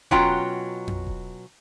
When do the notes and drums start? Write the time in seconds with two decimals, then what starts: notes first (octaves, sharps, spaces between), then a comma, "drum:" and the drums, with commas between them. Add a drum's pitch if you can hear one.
0.11 B2 F#3 C#4 F4 G5 A#5, drum: kick D#1
0.88 drum: tom F2
1.07 drum: kick D#1